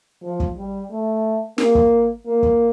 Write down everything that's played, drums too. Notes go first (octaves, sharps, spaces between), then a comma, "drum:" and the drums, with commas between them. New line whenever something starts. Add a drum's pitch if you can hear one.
F3
drum: kick
G3
A3
A#3, drum: snare
drum: kick
A#3
drum: kick